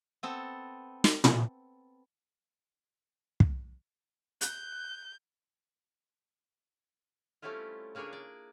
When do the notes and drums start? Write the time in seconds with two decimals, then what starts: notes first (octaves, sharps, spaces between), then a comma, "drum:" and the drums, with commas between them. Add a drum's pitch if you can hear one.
0.23 B3 C4 A4
1.04 drum: snare
1.24 drum: tom
3.40 drum: kick
4.41 F#6 G6, drum: hi-hat
7.42 G3 A3 C4 C#4 E4 F4
7.95 C#3 A#3 D4 G#4 C#5 G#5
8.13 D5